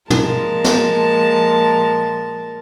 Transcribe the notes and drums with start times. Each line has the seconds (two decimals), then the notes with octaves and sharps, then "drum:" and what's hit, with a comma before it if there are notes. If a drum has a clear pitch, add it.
0.10 A#2 F3 G#3 A#4 A5, drum: tom
0.64 drum: snare